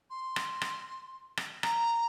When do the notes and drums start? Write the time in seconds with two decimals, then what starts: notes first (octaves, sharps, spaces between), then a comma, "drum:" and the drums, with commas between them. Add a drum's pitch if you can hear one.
0.10 C6
0.36 drum: rim click
0.62 drum: rim click
1.37 drum: rim click
1.63 A#5, drum: rim click